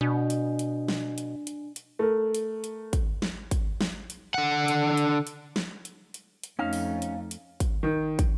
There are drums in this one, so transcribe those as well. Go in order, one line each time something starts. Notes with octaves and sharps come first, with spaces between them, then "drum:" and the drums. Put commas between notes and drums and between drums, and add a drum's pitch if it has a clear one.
B2 D4
drum: hi-hat
drum: hi-hat
drum: snare
drum: hi-hat
drum: hi-hat
drum: hi-hat
A3 A#4
drum: hi-hat
drum: hi-hat
drum: kick, hi-hat
drum: snare
drum: kick, hi-hat
drum: snare
drum: hi-hat
D3 F#5
drum: hi-hat
drum: hi-hat
drum: hi-hat
drum: snare
drum: hi-hat
drum: hi-hat
drum: hi-hat
F2 A3 C#4 D#4 F5
drum: open hi-hat
drum: hi-hat
drum: hi-hat
drum: kick, hi-hat
D#3
drum: kick, hi-hat